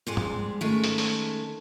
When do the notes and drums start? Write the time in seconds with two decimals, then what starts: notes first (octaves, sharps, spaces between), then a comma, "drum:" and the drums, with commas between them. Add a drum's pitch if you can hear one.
0.07 G#2 G3 G#3
0.17 drum: tom G#2
0.61 D#3 G#3 A3 C#4
0.84 drum: hi-hat
0.98 drum: open hi-hat